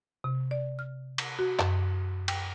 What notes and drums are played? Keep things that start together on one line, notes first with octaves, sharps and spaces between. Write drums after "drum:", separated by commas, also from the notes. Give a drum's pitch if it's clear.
C3
D5
F6
drum: cymbal
F#4
F#2, drum: clap
G5, drum: cymbal